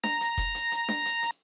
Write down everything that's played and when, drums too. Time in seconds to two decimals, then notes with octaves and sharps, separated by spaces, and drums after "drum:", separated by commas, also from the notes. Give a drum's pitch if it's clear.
0.04 A#5, drum: snare D4
0.21 drum: hi-hat
0.38 drum: kick F1, hi-hat
0.55 drum: hi-hat
0.72 drum: hi-hat
0.89 drum: snare D4
1.05 drum: hi-hat
1.22 drum: hi-hat